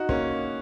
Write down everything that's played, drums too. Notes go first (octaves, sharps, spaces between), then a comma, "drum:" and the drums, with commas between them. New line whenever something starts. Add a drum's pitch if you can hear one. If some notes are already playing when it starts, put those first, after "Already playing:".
Already playing: D#4 F#4
A#3 C#4, drum: kick